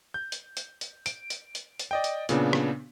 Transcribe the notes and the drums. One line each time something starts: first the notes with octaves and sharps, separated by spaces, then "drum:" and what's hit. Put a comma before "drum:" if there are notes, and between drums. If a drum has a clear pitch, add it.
G6
drum: hi-hat
drum: hi-hat
drum: hi-hat
D7, drum: hi-hat
drum: hi-hat
drum: hi-hat
drum: hi-hat
D5 D#5 G5
drum: hi-hat
A#2 C#3 B3 D4, drum: hi-hat
drum: rim click